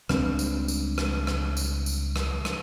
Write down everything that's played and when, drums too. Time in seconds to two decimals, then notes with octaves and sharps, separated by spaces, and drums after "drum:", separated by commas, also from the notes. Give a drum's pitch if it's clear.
0.09 C#2 G3 C4 D4, drum: rim click
0.39 drum: tambourine
0.68 drum: tambourine
0.98 drum: rim click
1.27 drum: rim click
1.57 drum: tambourine
1.86 drum: tambourine
2.16 drum: rim click
2.45 drum: rim click